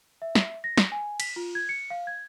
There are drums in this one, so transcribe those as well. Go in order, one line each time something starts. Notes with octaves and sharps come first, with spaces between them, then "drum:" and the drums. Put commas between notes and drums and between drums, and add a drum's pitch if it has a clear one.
E5
drum: snare
A#6
drum: snare
G#5
B6, drum: cymbal
F4
G#6
C#7
F5
G#6